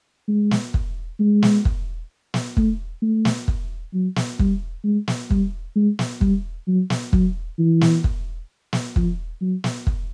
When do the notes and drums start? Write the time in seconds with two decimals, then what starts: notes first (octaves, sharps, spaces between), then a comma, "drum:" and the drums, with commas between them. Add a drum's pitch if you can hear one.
0.28 G#3
0.51 drum: snare
0.74 drum: kick
1.20 G#3
1.43 drum: snare
1.65 drum: kick
2.34 drum: snare
2.57 A3, drum: kick
3.02 A3
3.25 drum: snare
3.48 drum: kick
3.94 F#3
4.16 drum: snare
4.39 G3, drum: kick
4.84 G#3
5.08 drum: snare
5.31 G3, drum: kick
5.76 G#3
5.99 drum: snare
6.21 G3, drum: kick
6.67 F#3
6.90 drum: snare
7.13 F#3, drum: kick
7.59 E3
7.81 drum: snare
8.04 drum: kick
8.73 drum: snare
8.96 F3, drum: kick
9.41 F#3
9.64 drum: snare
9.87 drum: kick